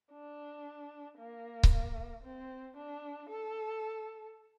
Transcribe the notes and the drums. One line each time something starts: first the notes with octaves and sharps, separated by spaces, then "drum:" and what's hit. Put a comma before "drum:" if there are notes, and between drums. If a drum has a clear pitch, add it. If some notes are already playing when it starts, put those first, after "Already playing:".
D4
A#3
drum: kick C#1
C4
D4
A4